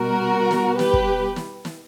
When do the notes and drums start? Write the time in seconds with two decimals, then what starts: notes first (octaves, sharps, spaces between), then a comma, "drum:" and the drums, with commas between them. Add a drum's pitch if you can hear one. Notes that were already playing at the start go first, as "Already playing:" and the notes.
Already playing: B2 G3 F#4 A#4
0.51 drum: snare
0.79 G4 B4, drum: snare
0.93 drum: kick
1.36 drum: snare
1.65 drum: snare